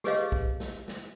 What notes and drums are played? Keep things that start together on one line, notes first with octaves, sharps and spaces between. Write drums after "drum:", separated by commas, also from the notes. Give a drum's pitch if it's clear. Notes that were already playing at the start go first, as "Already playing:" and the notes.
G4 G#4 B4 C#5 D#5 F5, drum: snare
drum: kick
drum: snare
drum: snare